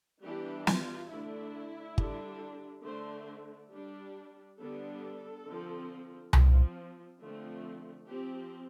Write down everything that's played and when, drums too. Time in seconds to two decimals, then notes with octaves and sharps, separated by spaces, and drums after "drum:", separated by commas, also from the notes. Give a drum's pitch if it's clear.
0.23 E3 G3 B3 D4 G4
0.67 F4, drum: snare
1.10 D3 A3 D4 E4
1.98 D3 G3 D4, drum: kick G1
2.84 D3 A3 D4 C5
3.72 G3 D4
4.59 D3 G3 B3 D4 A4
5.47 D3 F3 C4
6.33 F3 C4, drum: tom C2
7.20 D3 F3 A3 C4
8.07 F3 C4 G4